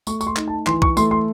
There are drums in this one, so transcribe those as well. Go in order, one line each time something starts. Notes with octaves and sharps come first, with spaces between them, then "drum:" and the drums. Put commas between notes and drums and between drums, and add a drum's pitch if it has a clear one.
A3 C#6, drum: tambourine
C#6, drum: tambourine
C6
D#4, drum: clap
A5
E3 C6, drum: clap
C#6, drum: kick B1
A3 C6, drum: tambourine
C6